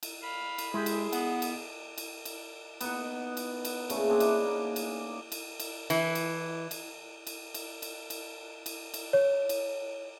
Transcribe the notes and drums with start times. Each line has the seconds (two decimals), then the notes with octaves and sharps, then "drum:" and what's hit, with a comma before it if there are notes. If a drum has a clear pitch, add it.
0.03 drum: cymbal
0.23 F5 B5
0.58 drum: cymbal
0.74 G#3 E4 G4 G#4
0.86 drum: cymbal
1.13 B3 F#5, drum: cymbal
1.42 drum: cymbal
1.98 drum: cymbal
2.25 drum: cymbal
2.81 B3 D#4 F#5, drum: cymbal
3.37 drum: cymbal
3.65 drum: cymbal
3.90 A#2 C#3 A3, drum: cymbal
4.08 C4 D4 G#4 E5
4.20 D4 D#4 B4, drum: cymbal
4.45 A#3
4.76 drum: cymbal
5.32 drum: cymbal
5.60 drum: cymbal
5.90 E3, drum: cymbal
6.15 drum: cymbal
6.71 drum: cymbal
7.27 drum: cymbal
7.54 drum: cymbal
7.82 drum: cymbal
8.10 drum: cymbal
8.66 drum: cymbal
8.94 drum: cymbal
9.13 C#5
9.49 drum: cymbal